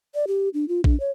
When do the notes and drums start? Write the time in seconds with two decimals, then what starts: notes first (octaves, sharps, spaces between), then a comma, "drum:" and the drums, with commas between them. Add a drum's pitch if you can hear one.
0.15 D5
0.27 G4
0.54 D4
0.68 F4
0.84 D4, drum: kick A#1
1.00 C#5